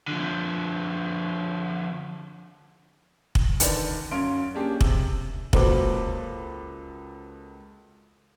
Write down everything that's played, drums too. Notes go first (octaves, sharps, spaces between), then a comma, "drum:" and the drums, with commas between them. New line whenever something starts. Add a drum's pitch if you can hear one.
D3 F3
drum: kick
D3 D#3 B4 D5, drum: hi-hat
F#2 C#4 F5 C6 D7
A#3 C#4 D4 G4 G#4
C3, drum: kick
C#2 F#3 A#3 A4 B4 C5 D6, drum: kick